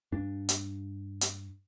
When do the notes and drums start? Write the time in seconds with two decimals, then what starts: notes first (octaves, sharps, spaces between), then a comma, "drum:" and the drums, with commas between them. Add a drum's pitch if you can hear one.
0.12 G2 D4
0.49 drum: hi-hat
1.21 drum: hi-hat